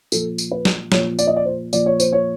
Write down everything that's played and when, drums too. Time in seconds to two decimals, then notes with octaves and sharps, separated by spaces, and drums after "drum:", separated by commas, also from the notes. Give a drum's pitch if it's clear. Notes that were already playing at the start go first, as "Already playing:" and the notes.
0.12 A#2 F3 A4, drum: tambourine
0.38 drum: tambourine
0.51 B4
0.65 drum: snare
0.92 A#2 F3 C#5, drum: snare
1.19 D5, drum: tambourine
1.27 D#5
1.36 D5
1.45 C5
1.73 A#2 F3 D5, drum: tambourine
1.86 C#5
2.00 C5, drum: tambourine
2.13 C#5